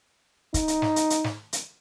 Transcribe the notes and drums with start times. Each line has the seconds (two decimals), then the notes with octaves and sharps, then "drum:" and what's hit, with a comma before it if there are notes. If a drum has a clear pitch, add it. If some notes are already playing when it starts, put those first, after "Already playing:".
0.54 D#4, drum: kick, hi-hat
0.68 drum: hi-hat
0.82 drum: snare
0.96 drum: hi-hat
1.10 drum: hi-hat
1.24 drum: snare
1.53 drum: hi-hat